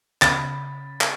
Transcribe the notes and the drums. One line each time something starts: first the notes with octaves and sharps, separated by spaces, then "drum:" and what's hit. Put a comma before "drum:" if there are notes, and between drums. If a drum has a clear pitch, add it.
C#3 B5 A6, drum: clap
drum: clap